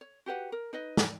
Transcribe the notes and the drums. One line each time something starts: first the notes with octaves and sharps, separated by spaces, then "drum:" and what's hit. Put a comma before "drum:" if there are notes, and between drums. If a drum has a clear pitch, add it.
C#5
F#4 G4 B4 F#5
A#4
D#4 B4 D#5
drum: snare